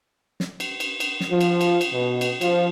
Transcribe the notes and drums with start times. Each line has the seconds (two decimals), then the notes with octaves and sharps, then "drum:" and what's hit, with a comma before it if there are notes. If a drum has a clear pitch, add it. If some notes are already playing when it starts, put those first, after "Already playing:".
0.40 drum: snare
0.60 drum: cymbal
0.80 drum: cymbal
1.00 drum: cymbal
1.20 drum: snare
1.30 F3
1.41 drum: cymbal
1.61 drum: cymbal
1.81 drum: cymbal
1.93 B2
2.21 drum: cymbal
2.41 F3, drum: cymbal